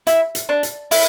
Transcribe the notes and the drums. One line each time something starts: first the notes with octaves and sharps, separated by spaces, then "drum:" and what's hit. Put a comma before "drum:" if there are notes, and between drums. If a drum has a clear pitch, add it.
E4, drum: hi-hat
drum: hi-hat
D4
drum: hi-hat
E4, drum: open hi-hat